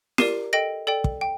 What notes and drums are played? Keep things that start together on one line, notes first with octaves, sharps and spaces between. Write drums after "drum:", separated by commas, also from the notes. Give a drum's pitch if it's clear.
G4 A#4 D5 C7 D#7, drum: snare
A4 D#5 G5 A#6 D7
A4 D5 G5
drum: kick
G5